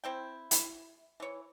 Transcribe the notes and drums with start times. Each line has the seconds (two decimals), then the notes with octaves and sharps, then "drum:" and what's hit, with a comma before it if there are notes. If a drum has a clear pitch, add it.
0.04 C4 E4 G5
0.51 E4, drum: hi-hat
1.20 E3 C#5